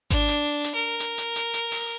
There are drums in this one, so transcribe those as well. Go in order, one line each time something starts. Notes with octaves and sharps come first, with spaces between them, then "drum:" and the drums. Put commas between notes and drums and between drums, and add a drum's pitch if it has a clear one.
D4, drum: kick G#1, hi-hat
drum: hi-hat
drum: hi-hat
A#4
drum: hi-hat
drum: hi-hat
drum: hi-hat
drum: hi-hat
drum: open hi-hat